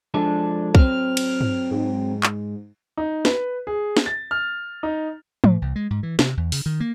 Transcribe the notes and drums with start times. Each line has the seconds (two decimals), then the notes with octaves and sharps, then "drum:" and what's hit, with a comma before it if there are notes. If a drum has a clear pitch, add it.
0.14 F3 G#3 D4 A4
0.75 F#3 C4 F6, drum: kick
1.17 drum: cymbal
1.41 drum: tom G2
1.71 G#2
2.23 drum: clap
2.97 D#4
3.25 B4, drum: snare
3.67 G#4
3.97 drum: snare
4.06 A6
4.31 F6
4.83 D#4
5.44 A2, drum: tom E3
5.62 C2
5.76 G#3
5.90 G#2
6.03 E3
6.19 C3, drum: snare
6.37 E2
6.52 C#3, drum: open hi-hat
6.66 D#3
6.80 A#3